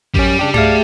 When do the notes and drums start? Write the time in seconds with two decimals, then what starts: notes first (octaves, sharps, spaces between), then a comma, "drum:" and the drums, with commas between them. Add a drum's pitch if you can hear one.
0.15 F#2 G3 C#4, drum: kick A1
0.39 C#3 D4 G4
0.54 A3 G#4 D5 E5 F5, drum: tom G2